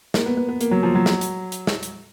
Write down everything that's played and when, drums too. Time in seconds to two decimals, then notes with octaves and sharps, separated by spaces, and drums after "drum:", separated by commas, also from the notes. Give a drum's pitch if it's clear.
0.14 A#3, drum: snare
0.26 B3
0.37 B3
0.49 B3
0.61 A#3, drum: hi-hat
0.71 F#3
0.83 F3
0.95 F#3
1.06 drum: snare
1.21 drum: hi-hat
1.52 drum: hi-hat
1.67 drum: snare
1.83 drum: hi-hat